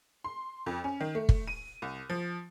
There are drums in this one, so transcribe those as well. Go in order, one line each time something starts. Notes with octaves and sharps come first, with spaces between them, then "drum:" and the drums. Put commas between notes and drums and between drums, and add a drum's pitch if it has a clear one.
C6
F2
C#4
D#3
A3
drum: kick
D#7
C2
F3